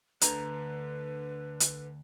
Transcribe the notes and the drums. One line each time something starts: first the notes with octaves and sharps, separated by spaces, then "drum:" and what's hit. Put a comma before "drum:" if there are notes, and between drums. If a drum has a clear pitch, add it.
D2 D3 B4 A#5, drum: hi-hat
drum: hi-hat